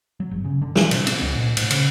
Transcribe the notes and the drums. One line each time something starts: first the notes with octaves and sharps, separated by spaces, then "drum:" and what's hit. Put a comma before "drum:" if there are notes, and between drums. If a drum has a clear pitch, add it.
F#3
G1
C#3
D3
E3, drum: snare
B2, drum: cymbal
C4, drum: cymbal
C#2
A#2
A2, drum: cymbal
C#3, drum: cymbal